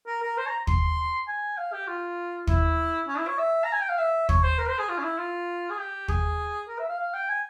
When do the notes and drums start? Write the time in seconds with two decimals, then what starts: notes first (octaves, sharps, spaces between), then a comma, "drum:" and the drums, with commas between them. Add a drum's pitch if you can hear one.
0.07 A#4
0.22 A#4
0.37 C5
0.47 A#5
0.67 C6, drum: kick
1.28 G#5
1.57 F5
1.73 G4
1.87 F4
2.47 E4, drum: kick
3.08 C#4
3.18 E4
3.28 C#5
3.38 E5
3.64 A#5
3.72 G#5
3.81 G5
3.89 F5
3.99 E5
4.29 C#5, drum: kick
4.43 C5
4.58 A#4
4.69 C5
4.79 G#4
4.89 F4
4.98 C#4
5.03 E4
5.18 F4
5.70 G#4
5.78 G4
6.08 G#4, drum: kick
6.68 A#4
6.79 E5
6.89 F5
6.99 F5
7.14 G5
7.29 G#5